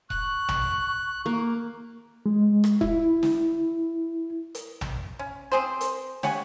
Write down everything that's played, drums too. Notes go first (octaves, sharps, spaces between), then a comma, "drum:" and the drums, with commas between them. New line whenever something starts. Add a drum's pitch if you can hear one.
C#6 F#6, drum: kick E1
drum: tom A#1
A#3
G#3
drum: rim click
E4, drum: kick E1
drum: snare
drum: hi-hat
drum: tom A#1
C#4
C4 G#4 C5
drum: hi-hat
G4 C#5 F#5 G#5, drum: snare